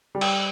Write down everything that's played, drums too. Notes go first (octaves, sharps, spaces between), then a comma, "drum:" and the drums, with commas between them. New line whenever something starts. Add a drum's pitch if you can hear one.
G3
G5, drum: cymbal